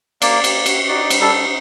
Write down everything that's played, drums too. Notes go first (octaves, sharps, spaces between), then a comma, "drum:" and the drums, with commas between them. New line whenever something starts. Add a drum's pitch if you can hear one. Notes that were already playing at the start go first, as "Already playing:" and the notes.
A#3 D5, drum: cymbal
A#3, drum: cymbal
F#4, drum: cymbal
D#4 D5
G3, drum: cymbal
A4
D#4